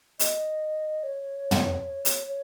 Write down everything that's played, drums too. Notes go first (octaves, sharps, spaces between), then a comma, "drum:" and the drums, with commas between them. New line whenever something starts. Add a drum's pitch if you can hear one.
D#5, drum: hi-hat
C#5
drum: tom
drum: hi-hat
C#5